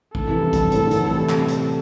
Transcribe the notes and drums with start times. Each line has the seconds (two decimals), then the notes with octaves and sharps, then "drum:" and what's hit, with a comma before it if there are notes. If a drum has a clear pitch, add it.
0.15 A4, drum: kick
0.27 C3 E3
0.40 G2
0.53 G2, drum: kick, hi-hat
0.72 A2, drum: hi-hat
0.86 D3
0.91 C3 E3, drum: hi-hat
1.04 E3 A3
1.17 G3 C4
1.29 drum: clap
1.48 drum: hi-hat